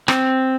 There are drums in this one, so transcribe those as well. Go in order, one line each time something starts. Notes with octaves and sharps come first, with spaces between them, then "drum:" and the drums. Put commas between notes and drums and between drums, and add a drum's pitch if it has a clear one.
C4, drum: rim click